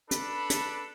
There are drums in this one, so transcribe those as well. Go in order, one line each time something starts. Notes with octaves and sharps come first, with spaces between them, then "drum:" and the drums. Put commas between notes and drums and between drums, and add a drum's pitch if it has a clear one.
D4 A4 B4 B5, drum: hi-hat
drum: hi-hat